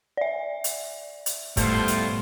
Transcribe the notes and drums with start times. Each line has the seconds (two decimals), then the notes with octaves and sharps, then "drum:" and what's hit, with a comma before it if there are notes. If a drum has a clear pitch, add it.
0.17 D5 E5
0.64 drum: hi-hat
1.26 drum: hi-hat
1.57 A2 G3 A3 B3 F4 A4 C5, drum: kick, hi-hat
1.88 drum: hi-hat